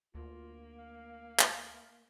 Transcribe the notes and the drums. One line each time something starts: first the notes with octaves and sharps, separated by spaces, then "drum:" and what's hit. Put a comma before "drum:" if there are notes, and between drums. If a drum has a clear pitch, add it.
D2 A#3 F4
F5
drum: clap